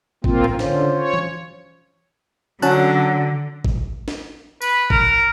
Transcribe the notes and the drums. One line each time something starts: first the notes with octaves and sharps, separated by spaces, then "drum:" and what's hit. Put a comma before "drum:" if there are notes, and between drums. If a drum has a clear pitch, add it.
A#3 C4 F4, drum: kick
drum: tom A2
D3 C#4 F4 C5, drum: snare
C#5
drum: tom E3
D3 F#3 C#4 A5 F#6, drum: tambourine
drum: kick
drum: snare
B4, drum: tambourine
A#4, drum: kick